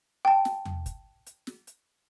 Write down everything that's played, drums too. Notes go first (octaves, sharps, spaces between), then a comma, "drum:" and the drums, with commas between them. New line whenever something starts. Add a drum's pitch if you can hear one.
G5 A5
drum: snare
drum: tom E2
drum: kick, hi-hat
drum: hi-hat
drum: snare
drum: hi-hat